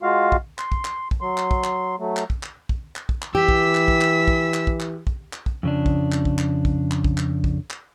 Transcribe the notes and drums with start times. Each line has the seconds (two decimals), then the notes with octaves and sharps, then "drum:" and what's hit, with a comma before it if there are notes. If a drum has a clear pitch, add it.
0.03 G#3 F4 F#4 F5
0.32 drum: kick
0.58 C6, drum: clap
0.72 drum: kick
0.85 drum: clap
1.11 drum: kick
1.21 F#3 C6
1.38 drum: clap
1.51 drum: kick
1.64 drum: clap
1.99 F#3 A3
2.17 drum: clap
2.30 drum: kick
2.43 drum: clap
2.69 drum: kick
2.96 drum: clap
3.09 drum: kick
3.22 drum: clap
3.35 E3 G4 E6 B6
3.48 drum: kick
3.75 drum: clap
3.88 drum: kick
4.01 drum: clap
4.28 drum: kick
4.54 drum: clap
4.67 drum: kick
4.80 drum: clap
5.07 drum: kick
5.33 drum: clap
5.46 drum: kick
5.63 F2 C#3 D4
5.86 drum: kick
6.12 drum: clap
6.25 drum: kick
6.39 drum: clap
6.65 drum: kick
6.91 drum: clap
7.04 drum: kick
7.18 drum: clap
7.44 drum: kick
7.70 drum: clap